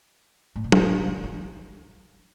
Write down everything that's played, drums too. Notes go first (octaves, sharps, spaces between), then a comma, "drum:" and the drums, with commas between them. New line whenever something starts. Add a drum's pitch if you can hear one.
A2
C3
C#3, drum: tom
D#3
D#3
E3